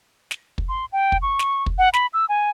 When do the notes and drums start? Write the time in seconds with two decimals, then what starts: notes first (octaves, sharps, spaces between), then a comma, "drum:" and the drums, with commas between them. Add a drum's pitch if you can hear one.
0.31 drum: snare
0.58 drum: kick
0.69 C6
0.92 G5
1.12 drum: kick
1.22 C#6
1.39 drum: snare
1.66 drum: kick
1.78 F#5
1.93 B5, drum: snare
2.13 E6
2.29 G#5